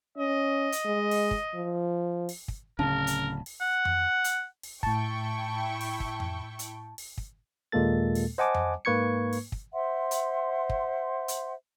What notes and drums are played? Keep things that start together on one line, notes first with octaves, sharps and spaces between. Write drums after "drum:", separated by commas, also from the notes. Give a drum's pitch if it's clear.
C#4 D#5
drum: hi-hat
G#3
drum: open hi-hat
drum: kick
F3
drum: open hi-hat
drum: kick
D1 C#3 A#4 A5
drum: hi-hat
drum: open hi-hat
F#5
drum: tom F2
drum: hi-hat
drum: open hi-hat
A2 E4 G5 A5 C#6, drum: kick
drum: open hi-hat
drum: kick
drum: tom F2
drum: hi-hat
drum: open hi-hat
drum: kick
D#2 A#2 G#3 A#3 A4 A6
drum: open hi-hat
C5 D#5 F#5 G#5 A5 D6
drum: tom F2
G#2 A#3 B4 C#6 G#6 C#7
drum: open hi-hat
drum: kick
C5 E5 F#5 C6
drum: hi-hat
drum: kick
drum: hi-hat